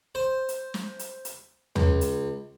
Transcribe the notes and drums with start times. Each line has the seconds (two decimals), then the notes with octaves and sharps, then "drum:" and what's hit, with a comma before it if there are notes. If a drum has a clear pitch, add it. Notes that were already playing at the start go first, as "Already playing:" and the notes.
0.15 C5
0.49 drum: hi-hat
0.74 drum: snare
0.99 drum: hi-hat
1.25 drum: hi-hat
1.76 C#2, drum: tom
2.01 drum: hi-hat